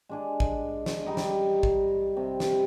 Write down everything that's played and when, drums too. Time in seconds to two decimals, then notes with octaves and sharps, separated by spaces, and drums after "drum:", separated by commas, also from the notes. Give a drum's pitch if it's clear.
0.09 G#3 D4 G#4
0.40 drum: kick
0.86 drum: snare
1.07 G3 D#4
1.17 drum: snare
1.63 drum: kick
2.17 C3
2.40 drum: snare